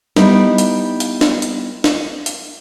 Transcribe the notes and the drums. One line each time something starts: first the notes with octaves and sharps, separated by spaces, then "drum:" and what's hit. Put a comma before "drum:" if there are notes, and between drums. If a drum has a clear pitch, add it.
G3 B3 D#4 E4, drum: snare
drum: hi-hat
drum: hi-hat
drum: snare
drum: hi-hat
drum: snare
drum: hi-hat